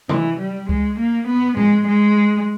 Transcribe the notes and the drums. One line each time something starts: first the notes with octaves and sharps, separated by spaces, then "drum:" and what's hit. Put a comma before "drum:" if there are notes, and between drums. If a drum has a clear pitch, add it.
E3, drum: tom C3
G3
G#3, drum: kick C2
A#3
B3
G#3, drum: tom
G#3